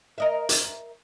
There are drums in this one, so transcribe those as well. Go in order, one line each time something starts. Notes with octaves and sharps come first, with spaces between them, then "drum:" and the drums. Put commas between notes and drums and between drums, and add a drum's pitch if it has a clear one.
A#4 D#5 E5
drum: hi-hat